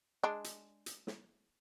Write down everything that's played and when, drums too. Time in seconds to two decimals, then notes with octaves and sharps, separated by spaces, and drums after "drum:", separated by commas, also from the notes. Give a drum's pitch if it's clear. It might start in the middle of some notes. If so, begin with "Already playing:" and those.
0.23 G#3 D4
0.44 drum: hi-hat
0.86 drum: hi-hat
1.07 drum: snare